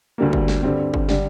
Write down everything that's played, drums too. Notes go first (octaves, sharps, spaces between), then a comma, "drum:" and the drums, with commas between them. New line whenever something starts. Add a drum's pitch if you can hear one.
D2 D3 G3 A#3
drum: kick G1
drum: snare
G2 D3 G3 C4
drum: kick G1
D3 G3, drum: snare